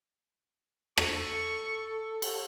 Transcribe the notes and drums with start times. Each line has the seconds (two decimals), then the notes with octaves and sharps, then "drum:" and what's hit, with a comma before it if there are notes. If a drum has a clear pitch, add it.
0.98 A4 C#6, drum: rim click
2.22 drum: cymbal